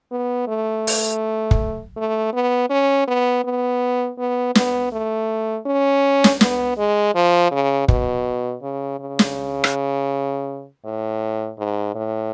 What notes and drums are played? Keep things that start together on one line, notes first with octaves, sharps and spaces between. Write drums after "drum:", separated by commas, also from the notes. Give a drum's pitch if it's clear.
B3
A3
drum: open hi-hat
drum: kick
A3
B3
C#4
B3
B3
B3
B3, drum: snare
A3
C#4
drum: snare
B3, drum: snare
G#3
F3
C#3
B2, drum: kick
C#3
C#3
drum: snare
drum: rim click
A2
G#2
A2